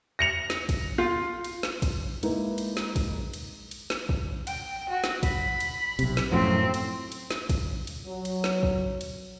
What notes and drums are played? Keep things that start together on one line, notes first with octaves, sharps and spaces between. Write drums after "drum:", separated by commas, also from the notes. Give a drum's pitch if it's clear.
A#6 C#7 F7
drum: snare
drum: kick, cymbal
F4
drum: cymbal
drum: snare
drum: kick, cymbal
G#3 A#3 D#4 E4 B4, drum: cymbal
drum: cymbal
drum: snare
drum: kick, cymbal
drum: cymbal
drum: cymbal
drum: snare
drum: kick
G5, drum: cymbal
F#4
drum: snare
B5, drum: kick, cymbal
drum: cymbal
B1 C3, drum: cymbal
drum: snare
F#2 A2 F3 C4
drum: cymbal
drum: cymbal
drum: snare
drum: kick, cymbal
drum: cymbal
F#3
drum: cymbal
drum: snare
drum: kick
drum: cymbal